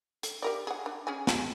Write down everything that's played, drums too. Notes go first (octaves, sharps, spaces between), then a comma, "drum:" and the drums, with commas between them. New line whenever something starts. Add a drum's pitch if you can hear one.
A4, drum: hi-hat
G4 A#4 D5
G#4 F#5
D4
C#4 G#4 G#5
G#3 G4 A5, drum: snare